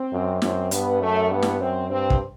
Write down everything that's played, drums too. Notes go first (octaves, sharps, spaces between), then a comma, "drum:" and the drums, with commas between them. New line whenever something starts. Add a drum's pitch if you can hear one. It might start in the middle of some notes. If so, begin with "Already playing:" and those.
Already playing: C4
F#2
F#2 C4, drum: snare
G2 B3, drum: hi-hat
F#2 A3
G2 B3
drum: snare
F#2 C4
G2 C4
drum: kick